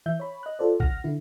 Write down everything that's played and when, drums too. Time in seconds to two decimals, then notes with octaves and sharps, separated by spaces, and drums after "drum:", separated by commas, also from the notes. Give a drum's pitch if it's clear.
0.06 E3 E5 G6
0.20 C#5 B5
0.43 D#5 F#6
0.59 F4 A4 C5 D5
0.80 F#5 F6 A#6, drum: kick A1
1.04 D3 E4